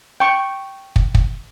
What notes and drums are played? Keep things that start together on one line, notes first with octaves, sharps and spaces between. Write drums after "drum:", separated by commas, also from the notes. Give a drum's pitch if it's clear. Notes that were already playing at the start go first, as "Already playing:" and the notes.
G5 C#6
drum: kick
drum: kick